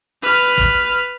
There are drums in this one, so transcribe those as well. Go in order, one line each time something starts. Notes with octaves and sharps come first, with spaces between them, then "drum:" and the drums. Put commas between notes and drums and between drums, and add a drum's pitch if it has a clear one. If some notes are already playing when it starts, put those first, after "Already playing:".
B4 F6
drum: kick